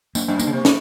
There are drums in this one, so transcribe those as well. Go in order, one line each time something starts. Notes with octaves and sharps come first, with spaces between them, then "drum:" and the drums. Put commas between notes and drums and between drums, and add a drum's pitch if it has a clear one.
F#2 A#3, drum: tambourine
F#2
G2 A#3, drum: tambourine
C#3
C3
drum: snare